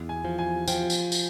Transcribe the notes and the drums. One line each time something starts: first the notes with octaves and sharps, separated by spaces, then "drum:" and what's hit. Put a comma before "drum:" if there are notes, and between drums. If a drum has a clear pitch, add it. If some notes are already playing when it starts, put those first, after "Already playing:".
Already playing: E2
G#5
F3
G#5
F3 G5, drum: tambourine
drum: tambourine
drum: tambourine